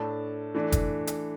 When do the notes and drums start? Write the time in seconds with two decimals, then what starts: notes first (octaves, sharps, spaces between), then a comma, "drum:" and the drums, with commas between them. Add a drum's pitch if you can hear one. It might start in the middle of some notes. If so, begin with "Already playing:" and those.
Already playing: A2 A3 D4 A5
0.55 E3 A3 D4
0.72 drum: kick, hi-hat
1.07 drum: hi-hat